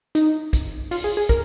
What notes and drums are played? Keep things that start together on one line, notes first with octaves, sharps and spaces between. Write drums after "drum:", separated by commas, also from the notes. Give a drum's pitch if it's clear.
D#4, drum: hi-hat
drum: kick, hi-hat
F4, drum: open hi-hat
G#4
G#4
A#4, drum: kick, hi-hat